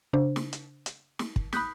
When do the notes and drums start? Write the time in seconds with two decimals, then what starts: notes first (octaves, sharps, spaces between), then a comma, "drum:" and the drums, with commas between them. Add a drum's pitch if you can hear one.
0.13 C#3 D4 C5
0.36 drum: snare
0.53 drum: hi-hat
0.86 drum: hi-hat
1.19 drum: snare
1.36 drum: kick
1.53 B5 D#6 F#6 G6 B6, drum: snare